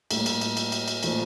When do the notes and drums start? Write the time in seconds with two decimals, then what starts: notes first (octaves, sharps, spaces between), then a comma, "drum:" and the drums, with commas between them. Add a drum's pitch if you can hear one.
0.11 A2 G3 A#3, drum: cymbal
0.26 drum: cymbal
0.41 drum: cymbal
0.57 drum: cymbal
0.72 drum: cymbal
0.88 drum: cymbal
1.03 A#2 F3 A3, drum: cymbal